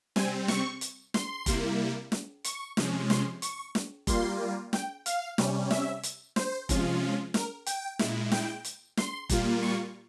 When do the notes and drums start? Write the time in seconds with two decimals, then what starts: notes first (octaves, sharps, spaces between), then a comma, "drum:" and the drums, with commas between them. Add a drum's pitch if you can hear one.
0.16 C3 G3 C4 G#5, drum: snare
0.48 C#6, drum: snare
0.81 drum: hi-hat
1.14 C6, drum: snare
1.46 C3 G3 A#3 E4, drum: kick F1, hi-hat
2.12 drum: snare
2.44 C#6, drum: hi-hat
2.77 C3 F3 G#3 C#4, drum: snare
3.10 C6, drum: snare
3.42 C#6, drum: hi-hat
3.75 drum: snare
4.07 G3 A#3 F4 C6, drum: kick F1, hi-hat
4.73 G5, drum: snare
5.06 F5, drum: hi-hat
5.38 C3 G3 C#4, drum: snare
5.71 E5, drum: snare
6.03 drum: hi-hat
6.36 C5, drum: snare
6.69 C3 F3 G#3 C#4 F4, drum: kick F1, hi-hat
7.34 A#4, drum: snare
7.66 G5, drum: hi-hat
7.99 A#2 G#3 E4, drum: snare
8.32 G5, drum: snare
8.64 drum: hi-hat
8.97 C6, drum: snare
9.29 A#2 G3 A#3 F4, drum: kick F1, hi-hat
9.62 C#6